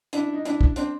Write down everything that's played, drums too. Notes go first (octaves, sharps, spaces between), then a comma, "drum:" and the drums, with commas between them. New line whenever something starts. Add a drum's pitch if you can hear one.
D4 E4, drum: hi-hat
D#4
D4 E4, drum: hi-hat
drum: kick
C4 D4, drum: hi-hat